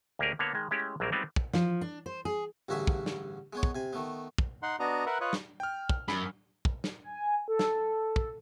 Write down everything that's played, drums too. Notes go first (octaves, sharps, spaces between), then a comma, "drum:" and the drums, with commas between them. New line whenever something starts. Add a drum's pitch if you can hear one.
D2 A#3 C#4 G4 G#4 A#4
D3 A#3 B3 C#5
D#3 G#3
G#3 A3 C#4 E4 G4
A#1 F#3 G3 A#3 C4 A#4
G3 G#3 B3 C4 D#4 F4
drum: kick
F3, drum: snare
D4
C5
G#4
A1 G2 D3 F#4 G#4 E5
drum: kick
drum: snare
G#3 B3 C#5
drum: kick
C3 G#5
D#3 A3 B3
drum: kick
D#4 F#5 C6
B3 D4 F#4 D#5 A#5
A#4 B4 E5 F#5
F4 B4 C#5 D#5
drum: snare
G5 F6
drum: kick
F#2 B5, drum: snare
drum: kick
drum: snare
G#5
A4
drum: snare
drum: kick